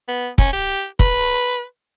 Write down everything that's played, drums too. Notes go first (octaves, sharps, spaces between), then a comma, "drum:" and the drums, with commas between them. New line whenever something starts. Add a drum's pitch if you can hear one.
B3
C#4, drum: kick
G4
B4, drum: kick